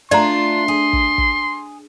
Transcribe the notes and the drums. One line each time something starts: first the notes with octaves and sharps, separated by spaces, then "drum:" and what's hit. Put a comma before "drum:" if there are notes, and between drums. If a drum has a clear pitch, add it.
A3 D4 F4 D5 A#5 C6
G#4
drum: kick
drum: kick